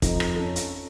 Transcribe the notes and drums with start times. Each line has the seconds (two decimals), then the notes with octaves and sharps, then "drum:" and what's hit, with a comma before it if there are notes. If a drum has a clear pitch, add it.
0.02 F2 D#4, drum: kick, hi-hat
0.20 drum: rim click
0.36 C#4 A4
0.56 drum: hi-hat